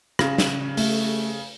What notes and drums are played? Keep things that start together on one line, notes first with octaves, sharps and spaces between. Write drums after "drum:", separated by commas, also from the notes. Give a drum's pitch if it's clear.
C#3, drum: rim click
drum: snare
A3, drum: open hi-hat